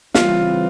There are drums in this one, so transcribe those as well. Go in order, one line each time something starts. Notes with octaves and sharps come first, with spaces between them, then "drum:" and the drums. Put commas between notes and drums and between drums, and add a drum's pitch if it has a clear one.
C#3 E3 G3 C4 F4, drum: snare